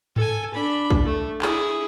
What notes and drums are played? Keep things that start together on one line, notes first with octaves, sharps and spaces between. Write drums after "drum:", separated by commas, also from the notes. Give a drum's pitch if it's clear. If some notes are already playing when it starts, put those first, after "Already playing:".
A4 G#5, drum: tom G#2
D4 B5
drum: kick A#1
A3
E4 G#4, drum: clap